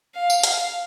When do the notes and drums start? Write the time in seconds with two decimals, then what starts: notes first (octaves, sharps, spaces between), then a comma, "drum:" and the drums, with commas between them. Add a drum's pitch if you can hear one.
0.15 F5
0.30 drum: tambourine
0.43 F5, drum: hi-hat